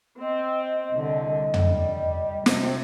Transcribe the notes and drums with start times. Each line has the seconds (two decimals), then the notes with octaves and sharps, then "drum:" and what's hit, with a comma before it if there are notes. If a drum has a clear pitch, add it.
0.21 C4 D#5
0.91 C2 D3
1.54 G3, drum: tom
2.46 C3 C5, drum: snare